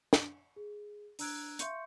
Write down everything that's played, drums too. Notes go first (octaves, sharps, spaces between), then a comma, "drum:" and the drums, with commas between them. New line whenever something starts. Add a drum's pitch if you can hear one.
drum: snare
G#4
D4 A#5 E6 F#6 G#6 D7, drum: open hi-hat
E5 F5 C6 C#6 G6 C#7, drum: hi-hat